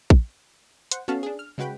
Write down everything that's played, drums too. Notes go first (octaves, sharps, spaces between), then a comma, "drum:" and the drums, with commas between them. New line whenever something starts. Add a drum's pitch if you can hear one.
drum: kick
C5 F#5, drum: hi-hat
B3 C#4 F#4 A4 F5 A5
D4 G#4
F6
C#3 G#3 F#4 B4 G5 B5